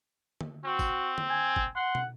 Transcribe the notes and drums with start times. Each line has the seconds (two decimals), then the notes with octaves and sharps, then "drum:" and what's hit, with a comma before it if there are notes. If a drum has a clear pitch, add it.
0.41 drum: tom
0.65 C4 F#4
0.79 drum: kick G1, tambourine
1.18 drum: tom
1.30 G#5
1.56 drum: kick G1
1.76 F#5 C6
1.95 drum: tom